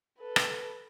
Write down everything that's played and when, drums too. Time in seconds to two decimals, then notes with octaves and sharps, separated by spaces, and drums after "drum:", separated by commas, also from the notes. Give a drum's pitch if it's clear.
0.19 A4 B4
0.36 drum: rim click